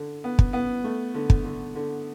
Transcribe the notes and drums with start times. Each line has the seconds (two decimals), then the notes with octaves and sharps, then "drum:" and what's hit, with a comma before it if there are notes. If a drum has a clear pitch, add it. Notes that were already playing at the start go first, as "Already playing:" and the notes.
Already playing: D3
0.24 B3
0.39 drum: kick
0.53 B3
0.84 A3
1.14 D3
1.30 drum: kick
1.45 D3
1.75 D3